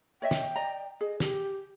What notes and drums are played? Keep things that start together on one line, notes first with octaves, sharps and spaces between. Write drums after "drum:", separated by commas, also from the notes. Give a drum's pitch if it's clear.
C#5 D#5 E5 G5
drum: snare
D5 D#5 A#5
G#4 D#5
G4, drum: snare